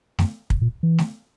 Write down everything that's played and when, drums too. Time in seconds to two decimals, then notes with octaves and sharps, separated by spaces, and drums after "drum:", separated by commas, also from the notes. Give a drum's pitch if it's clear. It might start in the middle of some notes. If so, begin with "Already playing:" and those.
0.19 F#2, drum: snare A3
0.50 drum: kick
0.62 A#2
0.83 E3
0.98 drum: snare A3